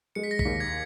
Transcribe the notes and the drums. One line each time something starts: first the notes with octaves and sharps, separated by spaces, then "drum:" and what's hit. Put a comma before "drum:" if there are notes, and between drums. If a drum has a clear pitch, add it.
G#3 C#7
B6
A#6
B6, drum: kick
D#2
G#6